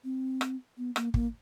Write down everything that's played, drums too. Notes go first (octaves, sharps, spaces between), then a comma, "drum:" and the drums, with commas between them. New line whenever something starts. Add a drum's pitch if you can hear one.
C4
drum: rim click
B3
A#3, drum: rim click
A#3, drum: kick